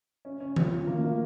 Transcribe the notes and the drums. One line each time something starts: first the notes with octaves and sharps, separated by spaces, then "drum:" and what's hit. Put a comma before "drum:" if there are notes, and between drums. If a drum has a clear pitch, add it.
C#4
C#4
F3, drum: tom D#3
F3
A#3
A#3